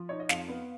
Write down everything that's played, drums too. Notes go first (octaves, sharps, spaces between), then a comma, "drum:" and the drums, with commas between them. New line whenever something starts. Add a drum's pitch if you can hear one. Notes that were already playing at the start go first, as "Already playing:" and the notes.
Already playing: F3
D#4 C#5
D#5
F2 F5, drum: snare
B3